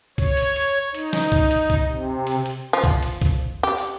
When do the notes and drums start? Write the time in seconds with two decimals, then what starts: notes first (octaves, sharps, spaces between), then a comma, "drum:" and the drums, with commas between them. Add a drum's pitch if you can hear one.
0.18 C#5, drum: kick, hi-hat
0.37 drum: hi-hat
0.56 drum: hi-hat
0.95 D#4, drum: hi-hat
1.13 drum: snare
1.32 drum: kick, hi-hat
1.51 drum: hi-hat
1.70 drum: kick, hi-hat
1.84 C3
2.27 drum: hi-hat
2.46 drum: hi-hat
2.73 F3
2.84 drum: kick, hi-hat
3.03 drum: hi-hat
3.22 drum: kick, hi-hat
3.63 G4
3.78 drum: hi-hat